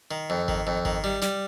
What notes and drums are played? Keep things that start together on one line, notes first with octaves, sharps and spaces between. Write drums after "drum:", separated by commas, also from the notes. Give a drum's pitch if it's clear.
D#3
F2
D#3, drum: kick G#1
F2
D#3, drum: kick G#1
G3
G3, drum: snare